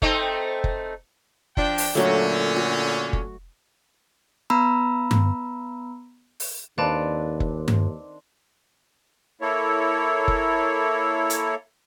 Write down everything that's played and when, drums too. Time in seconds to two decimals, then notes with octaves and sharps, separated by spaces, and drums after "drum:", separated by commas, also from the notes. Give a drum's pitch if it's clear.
0.02 A3 C4 D#4, drum: kick
0.64 drum: kick
1.57 F3 D4 G5, drum: kick
1.78 drum: open hi-hat
1.95 A#2 D3 F#3 A3 C#4
2.56 F#4
3.13 drum: kick
4.50 B3 A#5 B5 E6
5.11 drum: tom G2
6.40 drum: open hi-hat
6.78 D#2 D#3 C4 D4 B4 D5 F5 A5
7.40 drum: kick
7.68 drum: tom G2
9.41 A#3 E4 A4 C#5
10.28 drum: kick
11.30 drum: hi-hat